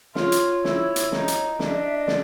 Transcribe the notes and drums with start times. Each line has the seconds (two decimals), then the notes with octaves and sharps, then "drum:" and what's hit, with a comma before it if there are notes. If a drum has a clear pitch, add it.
0.15 F4 C#5, drum: snare
0.32 drum: hi-hat
0.64 E4, drum: snare
0.96 drum: hi-hat
1.12 D#4, drum: snare
1.28 drum: hi-hat
1.59 D4 D5, drum: snare
1.66 E5
1.72 D#5
1.84 E5
1.96 D#5
2.07 D5, drum: snare